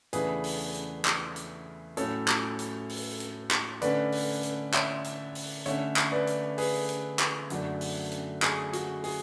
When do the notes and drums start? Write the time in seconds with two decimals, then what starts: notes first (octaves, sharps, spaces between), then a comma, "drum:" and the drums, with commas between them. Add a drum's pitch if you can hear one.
0.13 E2 C#3 E3 A3 D4 G#4 B4, drum: hi-hat
0.44 drum: open hi-hat
0.74 drum: hi-hat
1.05 drum: clap
1.36 drum: hi-hat
1.97 A2 F#3 A3 C#4 A4 C#5, drum: hi-hat
2.28 drum: clap
2.59 drum: hi-hat
2.89 drum: open hi-hat
3.20 drum: hi-hat
3.51 drum: clap
3.82 D3 A3 C#4 B4 D5, drum: hi-hat
4.12 drum: open hi-hat
4.43 drum: hi-hat
4.74 C#5 E5, drum: clap
5.04 drum: hi-hat
5.35 drum: open hi-hat
5.66 D3 A3 C#4 C#5 E5, drum: hi-hat
5.97 drum: clap
6.12 B4 D5
6.27 drum: hi-hat
6.58 G#4 B4, drum: open hi-hat
6.89 drum: hi-hat
7.19 drum: clap
7.50 F#2 D3 F#3 A3 D4, drum: hi-hat
7.81 drum: open hi-hat
8.11 drum: hi-hat
8.42 G#4, drum: clap
8.73 F#4, drum: hi-hat
9.04 G#4, drum: open hi-hat